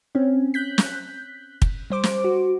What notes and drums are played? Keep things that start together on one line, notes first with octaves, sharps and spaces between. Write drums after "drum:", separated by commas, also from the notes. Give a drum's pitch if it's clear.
C4 C#4
F#6 G6 B6
drum: snare
drum: kick
G3 C5 D6
drum: snare
F#4